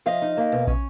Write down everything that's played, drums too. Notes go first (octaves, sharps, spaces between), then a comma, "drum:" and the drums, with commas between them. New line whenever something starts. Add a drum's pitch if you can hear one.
F3 D#5 F5
D#4
A#3
B2
C#4, drum: kick